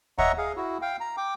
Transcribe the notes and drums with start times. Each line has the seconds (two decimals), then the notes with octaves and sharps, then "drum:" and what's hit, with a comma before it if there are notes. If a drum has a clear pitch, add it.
0.18 C#5 D#5 E5 F#5 A#5 C#6, drum: kick
0.38 G#4 F5
0.57 E4 F#4
0.82 F5 G5
1.00 A#5
1.17 G5 D6